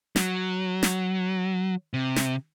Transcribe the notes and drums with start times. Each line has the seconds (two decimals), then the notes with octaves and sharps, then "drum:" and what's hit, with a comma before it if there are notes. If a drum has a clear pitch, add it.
0.16 F#3, drum: snare
0.83 drum: snare
1.94 C3
2.16 drum: snare